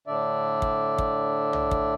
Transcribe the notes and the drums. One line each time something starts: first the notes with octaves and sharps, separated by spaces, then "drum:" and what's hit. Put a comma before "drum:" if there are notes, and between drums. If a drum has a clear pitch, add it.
A2 D3 D4 D5 E5
drum: kick
drum: kick
drum: tom
drum: kick